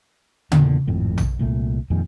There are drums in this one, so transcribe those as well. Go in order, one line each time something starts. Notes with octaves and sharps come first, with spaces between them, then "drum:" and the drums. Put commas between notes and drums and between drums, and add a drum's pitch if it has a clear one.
E2 A#2 D3, drum: tom C#3
G#1 F2 A2
drum: tom A#1
C2 A#2 A3
F2 A#2 D#3 G#3